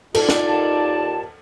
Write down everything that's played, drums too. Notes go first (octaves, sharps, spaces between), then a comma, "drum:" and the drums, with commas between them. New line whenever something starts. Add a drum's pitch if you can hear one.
D#4 F4 A4 D5, drum: cymbal
drum: snare
D#2 A5